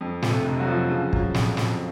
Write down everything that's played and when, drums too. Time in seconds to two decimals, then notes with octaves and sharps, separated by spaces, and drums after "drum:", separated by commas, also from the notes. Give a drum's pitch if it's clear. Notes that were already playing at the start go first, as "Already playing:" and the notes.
0.01 F2
0.22 C3, drum: snare
0.30 A3 A4
0.45 F1
0.60 F#3 F#4
0.67 F3
0.90 C#3
1.13 F#3, drum: kick
1.34 F2, drum: snare
1.57 F2, drum: snare